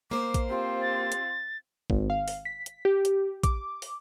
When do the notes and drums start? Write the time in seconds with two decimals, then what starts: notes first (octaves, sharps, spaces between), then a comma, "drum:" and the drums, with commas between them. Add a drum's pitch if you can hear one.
0.11 A#3 C5 D6
0.34 drum: kick, hi-hat
0.49 C4 F4 G4
0.82 A6
1.12 drum: hi-hat
1.90 G#1, drum: kick
2.10 F5
2.28 drum: open hi-hat
2.45 B6
2.66 drum: hi-hat
2.85 G4
3.05 drum: hi-hat
3.43 D6, drum: kick, hi-hat
3.82 drum: open hi-hat